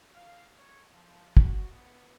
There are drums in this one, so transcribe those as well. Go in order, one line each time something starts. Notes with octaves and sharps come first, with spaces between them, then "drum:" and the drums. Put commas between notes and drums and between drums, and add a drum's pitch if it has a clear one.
F5
C#5
F3
F#4, drum: kick
B3